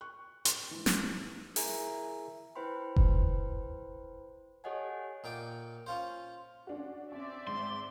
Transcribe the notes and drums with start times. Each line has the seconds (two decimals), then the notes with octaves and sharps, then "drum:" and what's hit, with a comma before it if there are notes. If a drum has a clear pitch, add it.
0.01 C#6 F#6
0.45 C6, drum: hi-hat
0.71 G#2 E3
0.86 drum: snare
1.56 E4 G#4 A#4 E5 G#5 A#5, drum: open hi-hat
2.55 E4 B4 C5 G5 B5 C6
2.96 drum: kick F1
4.64 G4 A4 C#5 D#5 F#5 G#5
5.24 A#2 D#4 G5 D6
5.86 C#4 F4 C5
6.67 C#4 D4 F#4
7.12 C4 C#4 D5 E5
7.47 G#2 C6